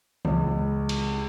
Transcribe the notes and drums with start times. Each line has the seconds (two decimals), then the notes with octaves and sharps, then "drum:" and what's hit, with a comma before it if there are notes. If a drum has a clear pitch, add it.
0.25 C#2, drum: tom E3
0.89 drum: cymbal